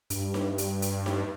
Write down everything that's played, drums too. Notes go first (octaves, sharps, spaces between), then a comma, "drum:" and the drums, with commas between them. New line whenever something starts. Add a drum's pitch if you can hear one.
G2, drum: hi-hat
drum: snare D#4
drum: hi-hat
drum: hi-hat
drum: snare D#4